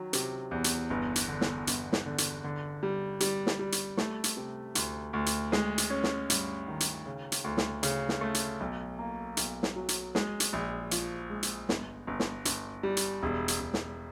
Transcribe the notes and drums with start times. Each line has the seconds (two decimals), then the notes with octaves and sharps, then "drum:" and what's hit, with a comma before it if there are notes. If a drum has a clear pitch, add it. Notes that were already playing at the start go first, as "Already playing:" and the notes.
Already playing: D#3 F#3
0.13 C3, drum: hi-hat
0.51 E2
0.64 drum: hi-hat
0.90 G1
1.16 drum: hi-hat
1.28 D3
1.41 drum: snare
1.67 G1, drum: hi-hat
1.93 drum: snare
2.06 D3
2.18 drum: hi-hat
2.44 D3
2.83 G3
3.20 G3, drum: hi-hat
3.47 drum: snare
3.59 G3
3.72 drum: hi-hat
3.97 A3, drum: snare
4.24 drum: hi-hat
4.37 C3
4.75 D2, drum: hi-hat
5.13 D2
5.26 drum: hi-hat
5.52 G#3, drum: snare
5.78 drum: hi-hat
5.90 C#4
6.03 drum: snare
6.30 G2, drum: hi-hat
6.68 D#3
6.80 drum: hi-hat
7.06 C#3
7.32 drum: hi-hat
7.44 D2
7.57 drum: snare
7.83 C#3, drum: hi-hat
8.09 drum: snare
8.21 A3
8.34 drum: hi-hat
8.60 B1
8.99 A#3
9.37 B1, drum: hi-hat
9.63 drum: snare
9.76 F#3
9.89 drum: hi-hat
10.15 G#3, drum: snare
10.40 drum: hi-hat
10.53 A#1
10.91 F3, drum: hi-hat
11.30 G#3
11.43 drum: hi-hat
11.69 G1, drum: snare
12.07 G1
12.20 drum: snare
12.45 G1, drum: hi-hat
12.83 G3
12.97 drum: hi-hat
13.23 E1
13.48 drum: hi-hat
13.60 E1
13.74 drum: snare